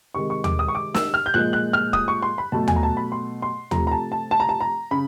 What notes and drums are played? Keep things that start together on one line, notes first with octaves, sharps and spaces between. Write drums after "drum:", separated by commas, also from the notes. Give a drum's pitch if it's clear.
C3 D#3 G#3 C#6
C#6
D6, drum: tom D#2
D#6
C#6
D6
E6, drum: snare
F6
G6
A#2 F3 G#3 F#6
F#6
F6
D#6, drum: kick
C#6
C6
B5
B2 F#3 A3 A5
G#5, drum: tom D#2
A#5
A5
B5
C6
C6
C3 F3 A3 A#5, drum: tom D#2
A#5
A5
A5
A5
A#5
A5
A#5
C#3 B5